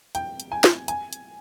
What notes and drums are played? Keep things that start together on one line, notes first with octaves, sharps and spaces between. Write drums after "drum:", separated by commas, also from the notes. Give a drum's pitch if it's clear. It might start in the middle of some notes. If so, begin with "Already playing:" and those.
G5, drum: hi-hat
drum: hi-hat
G#5
drum: snare
G#5, drum: hi-hat
drum: hi-hat